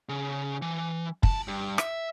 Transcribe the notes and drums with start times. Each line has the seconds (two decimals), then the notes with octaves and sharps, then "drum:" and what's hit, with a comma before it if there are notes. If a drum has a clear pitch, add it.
0.09 C#3
0.62 E3
1.23 A5, drum: kick
1.48 G2
1.78 E5, drum: rim click